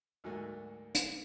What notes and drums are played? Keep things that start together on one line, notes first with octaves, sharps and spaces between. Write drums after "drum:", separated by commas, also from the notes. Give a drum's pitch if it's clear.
D2 G#2 F#3 A3 A#3 G#5
drum: hi-hat